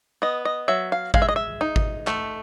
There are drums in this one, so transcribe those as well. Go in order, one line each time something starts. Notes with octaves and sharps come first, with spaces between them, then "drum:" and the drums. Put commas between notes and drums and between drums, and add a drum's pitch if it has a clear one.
B3 D#5
D#5
F#3 E5
F5
G#3 F5, drum: kick G#1
E5
D#5
E5
D#4
drum: kick G#1
A3, drum: clap